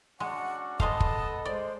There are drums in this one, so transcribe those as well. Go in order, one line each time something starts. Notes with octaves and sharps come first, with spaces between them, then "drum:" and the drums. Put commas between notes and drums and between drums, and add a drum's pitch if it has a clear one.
G#3 C#4 D4 F#4 F#5
G#3 B3 A4 C5 D#5 F5 A5, drum: kick
drum: kick
G#3 C5 D5